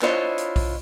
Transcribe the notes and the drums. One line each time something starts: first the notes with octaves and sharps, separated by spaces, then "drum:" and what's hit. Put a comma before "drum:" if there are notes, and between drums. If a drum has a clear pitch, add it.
D4 E4 F4 C5 C#5 D#5, drum: clap
drum: hi-hat
drum: kick B1, open hi-hat